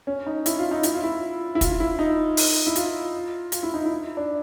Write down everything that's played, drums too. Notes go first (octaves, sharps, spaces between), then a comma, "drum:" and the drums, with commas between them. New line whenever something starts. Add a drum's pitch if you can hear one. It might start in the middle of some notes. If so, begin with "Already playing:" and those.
C#4
D#4
E4, drum: hi-hat
F4
D#4
E4, drum: hi-hat
F4
E4
E4
F4, drum: kick, hi-hat
E4
D#4
drum: open hi-hat
E4
F4, drum: hi-hat
F4, drum: hi-hat
E4
D#4
E4
D4